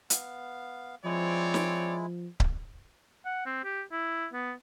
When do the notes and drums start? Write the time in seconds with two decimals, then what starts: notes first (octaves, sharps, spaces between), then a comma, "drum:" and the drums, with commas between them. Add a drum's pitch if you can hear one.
0.10 B3 F5, drum: hi-hat
1.05 F3 G#3 C4 E4 C#5 D5
1.54 drum: snare
2.40 drum: kick C#1
3.25 F#5
3.46 C4
3.64 G4
3.92 E4
4.33 B3